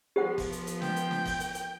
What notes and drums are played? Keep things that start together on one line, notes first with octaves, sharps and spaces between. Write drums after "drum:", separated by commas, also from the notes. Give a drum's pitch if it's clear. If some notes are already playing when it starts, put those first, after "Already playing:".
F3 B3 G4 C5 F#5
drum: kick, open hi-hat
drum: hi-hat
drum: hi-hat
G5, drum: snare
drum: hi-hat
drum: snare
drum: kick, open hi-hat
drum: hi-hat
drum: hi-hat